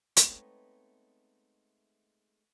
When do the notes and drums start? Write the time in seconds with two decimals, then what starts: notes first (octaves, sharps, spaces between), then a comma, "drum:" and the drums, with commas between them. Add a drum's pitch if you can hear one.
0.17 G#3 A3 B3 C4 D#4 C#5, drum: hi-hat